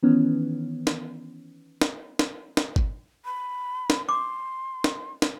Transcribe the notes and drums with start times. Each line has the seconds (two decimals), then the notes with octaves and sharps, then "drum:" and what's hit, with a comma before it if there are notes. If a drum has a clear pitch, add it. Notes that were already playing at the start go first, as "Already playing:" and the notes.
0.03 D#3 E3 B3 C#4
0.87 drum: snare
1.81 drum: snare
2.19 drum: snare
2.57 drum: snare
2.76 drum: kick
3.25 B5
3.90 drum: snare
4.09 C6 D6
4.84 drum: snare
5.22 drum: snare